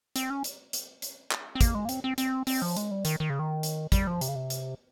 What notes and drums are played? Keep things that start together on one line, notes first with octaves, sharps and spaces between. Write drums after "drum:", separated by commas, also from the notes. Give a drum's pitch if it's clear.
C4, drum: hi-hat
C#4
drum: hi-hat
drum: hi-hat
drum: hi-hat
drum: clap
C4
A#3, drum: kick, hi-hat
G#3
A#3
C4, drum: hi-hat
C4
C4, drum: hi-hat
C4, drum: open hi-hat
F3
G#3, drum: hi-hat
G3
D#3, drum: hi-hat
D#3
C#3
D#3
drum: hi-hat
G3, drum: kick, hi-hat
F3
C3, drum: hi-hat
C#3
C3
drum: hi-hat